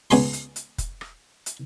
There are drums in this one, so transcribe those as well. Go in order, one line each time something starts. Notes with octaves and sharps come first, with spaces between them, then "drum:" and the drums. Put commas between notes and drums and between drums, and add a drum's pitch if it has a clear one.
C#2 B3 G#5 B5 C6, drum: open hi-hat
drum: hi-hat
drum: hi-hat
drum: kick F1, hi-hat
drum: rim click
drum: hi-hat